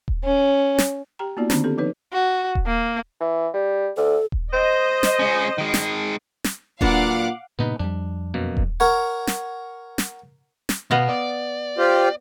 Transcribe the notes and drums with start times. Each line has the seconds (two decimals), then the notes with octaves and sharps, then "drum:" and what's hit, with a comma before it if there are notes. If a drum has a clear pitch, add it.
0.08 drum: kick D#1
0.24 C#4
0.78 drum: snare
1.19 G4 G5 A#5
1.37 A#3 B3 D#4 F4 F#4 D5
1.50 D3 D#3 B3 C4 D4, drum: snare
1.64 C4 G4 A4
1.77 F3 D#4 B4 C#5
2.12 F#4
2.55 drum: kick D#1
2.66 A#3
3.20 E3
3.54 G3
3.97 D2 A4
4.32 drum: kick D#1
4.53 C5 D#5
5.03 drum: snare
5.19 G#3 C#4
5.58 D#3 G#3
5.74 drum: snare
6.44 drum: snare
6.81 A#2 F#3 D4 B4 F5 F#5 D6, drum: kick D#1
7.59 G2 A#2 C#3 B3 D#4 B4
7.79 F2 G3 D4
8.34 F#2 B2 A#3
8.57 drum: kick D#1
8.80 A#4 C#5 F#5
9.27 drum: snare
9.98 drum: snare
10.69 drum: snare
10.91 B2 B3 D#5 F5
11.09 D5
11.78 F4 G4 C5